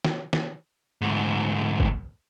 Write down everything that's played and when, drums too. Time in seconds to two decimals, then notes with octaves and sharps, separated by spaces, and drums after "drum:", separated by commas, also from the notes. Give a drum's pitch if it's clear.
0.05 drum: snare
0.33 drum: snare
1.01 D2 G#2
1.80 drum: kick